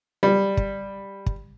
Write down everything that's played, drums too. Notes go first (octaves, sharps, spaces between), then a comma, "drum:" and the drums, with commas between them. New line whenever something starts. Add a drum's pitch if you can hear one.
G3
drum: kick
drum: kick